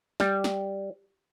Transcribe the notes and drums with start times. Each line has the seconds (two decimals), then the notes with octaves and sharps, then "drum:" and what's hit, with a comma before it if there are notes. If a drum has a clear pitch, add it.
0.20 G3, drum: snare
0.44 drum: snare